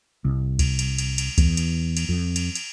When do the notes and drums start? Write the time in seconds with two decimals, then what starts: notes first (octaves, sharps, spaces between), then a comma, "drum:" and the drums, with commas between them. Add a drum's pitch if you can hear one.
0.25 C2
0.59 drum: kick C#2, cymbal
0.79 drum: cymbal
0.98 drum: cymbal
1.18 drum: cymbal
1.38 E2, drum: kick C#2, cymbal
1.57 drum: cymbal
1.97 drum: cymbal
2.09 F2
2.36 drum: cymbal
2.55 drum: cymbal